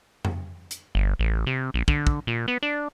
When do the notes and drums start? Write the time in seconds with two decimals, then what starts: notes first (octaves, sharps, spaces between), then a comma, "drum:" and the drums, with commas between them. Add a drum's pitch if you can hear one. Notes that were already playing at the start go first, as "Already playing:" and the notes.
0.25 drum: tom F2
0.71 drum: hi-hat
0.95 G1
1.19 A1
1.47 C3
1.74 A#1
1.88 D3, drum: kick
2.07 drum: kick
2.27 A#2
2.48 B3
2.63 D4